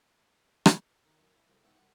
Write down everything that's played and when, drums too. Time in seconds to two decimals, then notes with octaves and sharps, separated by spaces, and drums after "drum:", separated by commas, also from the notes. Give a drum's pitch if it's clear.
0.66 drum: rim click
1.05 D#3 A#4
1.20 F#2 G#5
1.35 E4
1.48 C2 F2
1.64 E2 G#2 E5 F#5 G5 C#6
1.76 C2 F#5